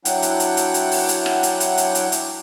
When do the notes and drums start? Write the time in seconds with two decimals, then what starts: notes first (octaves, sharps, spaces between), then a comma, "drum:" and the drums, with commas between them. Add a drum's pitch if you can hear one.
0.05 F#3 D4 E4 F#5 G5, drum: hi-hat
0.22 drum: hi-hat
0.40 drum: hi-hat
0.57 drum: hi-hat
0.74 drum: hi-hat
0.91 drum: open hi-hat
1.09 drum: hi-hat
1.26 drum: rim click
1.43 drum: hi-hat
1.60 drum: hi-hat
1.78 drum: hi-hat
1.95 drum: hi-hat
2.12 drum: hi-hat